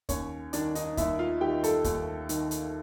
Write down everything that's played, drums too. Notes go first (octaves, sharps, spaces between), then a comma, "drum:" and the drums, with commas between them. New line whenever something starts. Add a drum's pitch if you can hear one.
D#2 C#4 C#5, drum: kick, hi-hat
D#3 D4 D5, drum: hi-hat
D#4 D#5, drum: hi-hat
D#2 E4 E5, drum: kick, hi-hat
F4 F5
D#3 G4 G5
A4 A5, drum: hi-hat
D#2, drum: kick, hi-hat
D#3, drum: hi-hat
drum: hi-hat